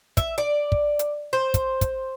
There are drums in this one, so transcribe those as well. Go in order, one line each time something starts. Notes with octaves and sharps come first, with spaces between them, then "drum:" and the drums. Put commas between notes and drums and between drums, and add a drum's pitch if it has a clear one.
E5, drum: kick, hi-hat
D5
drum: kick
drum: hi-hat
C5
drum: kick, hi-hat
drum: kick, hi-hat